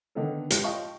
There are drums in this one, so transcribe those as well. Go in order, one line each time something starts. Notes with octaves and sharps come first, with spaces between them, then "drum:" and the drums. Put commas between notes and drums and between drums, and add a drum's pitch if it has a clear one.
D3 D#3 B3 D#4 A4
G#2 F3 G4 G5, drum: hi-hat
F4 D#5 F5 G5 A5 C#6